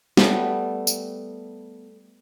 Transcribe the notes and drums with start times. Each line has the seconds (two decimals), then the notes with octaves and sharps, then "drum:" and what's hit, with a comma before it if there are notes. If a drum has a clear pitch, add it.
0.17 G3 A3 B3, drum: snare
0.87 drum: tambourine